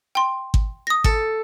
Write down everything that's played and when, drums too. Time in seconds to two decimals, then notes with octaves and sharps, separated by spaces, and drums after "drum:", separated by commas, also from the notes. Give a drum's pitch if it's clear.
0.15 G5 C6
0.54 drum: kick G#1
0.87 D#6 A#6
1.04 A4, drum: kick G#1